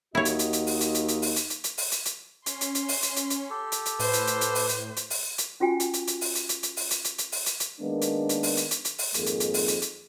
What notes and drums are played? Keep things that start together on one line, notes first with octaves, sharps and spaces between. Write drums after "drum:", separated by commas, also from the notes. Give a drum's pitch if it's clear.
D#2 E4 F#4 C#5 D#5
drum: hi-hat
drum: hi-hat
drum: hi-hat
drum: open hi-hat
drum: hi-hat
drum: hi-hat
drum: hi-hat
drum: open hi-hat
drum: hi-hat
drum: hi-hat
drum: hi-hat
drum: open hi-hat
drum: hi-hat
drum: hi-hat
C#4 C6, drum: hi-hat
drum: hi-hat
drum: hi-hat
drum: open hi-hat
drum: hi-hat
drum: hi-hat
drum: hi-hat
G4 A4
drum: hi-hat
drum: hi-hat
A2 B4 C5, drum: open hi-hat
drum: hi-hat
drum: hi-hat
drum: hi-hat
drum: open hi-hat
drum: hi-hat
drum: hi-hat
drum: open hi-hat
drum: hi-hat
C#4 F4 F#4 G5 G#5
drum: hi-hat
drum: hi-hat
drum: hi-hat
drum: open hi-hat
drum: hi-hat
drum: hi-hat
drum: hi-hat
drum: open hi-hat
drum: hi-hat
drum: hi-hat
drum: hi-hat
drum: open hi-hat
drum: hi-hat
drum: hi-hat
D#3 G#3 A#3 B3 D4
drum: hi-hat
drum: hi-hat
drum: open hi-hat
drum: hi-hat
drum: hi-hat
drum: hi-hat
drum: open hi-hat
F2 G#2 D#3 A#3 G#4, drum: hi-hat
drum: hi-hat
drum: hi-hat
drum: open hi-hat
drum: hi-hat
drum: hi-hat